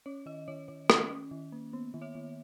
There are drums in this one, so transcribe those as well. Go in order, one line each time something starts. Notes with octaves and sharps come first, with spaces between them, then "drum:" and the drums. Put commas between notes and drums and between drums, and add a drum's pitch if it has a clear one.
C#4 C#5
D#3 D#5
D#3 C#5
D#3 C#5
C#4, drum: rim click
C#4
D#3
A#3
B3
D#3
C#5 E5
D#3